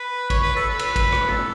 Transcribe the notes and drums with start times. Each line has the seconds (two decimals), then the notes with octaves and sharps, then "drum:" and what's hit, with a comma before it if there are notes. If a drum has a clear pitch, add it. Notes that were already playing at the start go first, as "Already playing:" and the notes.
Already playing: B4
0.30 C#5, drum: kick, cymbal
0.43 B4
0.56 A4
0.70 B4
0.79 drum: cymbal
0.96 drum: kick, cymbal
1.12 drum: rim click
1.29 A4, drum: tom